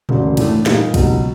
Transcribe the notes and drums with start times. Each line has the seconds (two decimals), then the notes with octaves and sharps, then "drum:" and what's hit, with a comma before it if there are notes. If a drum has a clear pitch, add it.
0.09 E1 D2 C#3, drum: tom A#2
0.37 A2 E3 A3 D4, drum: cymbal
0.66 A#2 G3 A#3 D#4 G#4, drum: snare
0.94 C#2 B2 F#3, drum: kick, cymbal